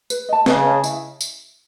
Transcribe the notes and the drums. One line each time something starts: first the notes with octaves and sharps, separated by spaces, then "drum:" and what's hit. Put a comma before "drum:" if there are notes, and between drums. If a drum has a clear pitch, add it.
B4, drum: tambourine
D#5 A5
C#3 B4, drum: snare
D#5 A5
E4, drum: tambourine
drum: tambourine